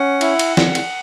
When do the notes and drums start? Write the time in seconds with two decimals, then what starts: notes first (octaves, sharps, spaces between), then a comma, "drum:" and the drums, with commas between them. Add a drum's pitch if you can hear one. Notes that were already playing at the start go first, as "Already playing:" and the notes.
Already playing: C#4 F#5
0.21 E4, drum: cymbal
0.39 drum: cymbal
0.57 drum: snare
0.75 drum: cymbal